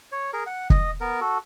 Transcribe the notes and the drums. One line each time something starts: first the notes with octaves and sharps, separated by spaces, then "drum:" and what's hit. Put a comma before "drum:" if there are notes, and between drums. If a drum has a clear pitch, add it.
C#5
G#4 A#4
F#5
D#5, drum: kick
B3 A#4
F#4 A4